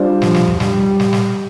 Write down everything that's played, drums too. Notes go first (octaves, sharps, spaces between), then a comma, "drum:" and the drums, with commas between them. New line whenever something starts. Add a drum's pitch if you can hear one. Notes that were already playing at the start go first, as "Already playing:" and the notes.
Already playing: G3 D4 F4 C5
F3, drum: snare
drum: snare
drum: tom F2
G3, drum: snare
drum: snare
drum: snare